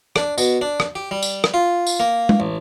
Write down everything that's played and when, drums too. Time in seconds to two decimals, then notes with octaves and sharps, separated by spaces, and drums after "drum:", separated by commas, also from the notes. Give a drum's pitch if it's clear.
0.16 D4, drum: rim click
0.38 B2, drum: tambourine
0.61 D4
0.80 drum: rim click
0.95 G4
1.11 G3
1.22 drum: tambourine
1.44 drum: rim click
1.54 F4
1.87 drum: tambourine
2.00 A#3
2.29 drum: tom G#3
2.40 A1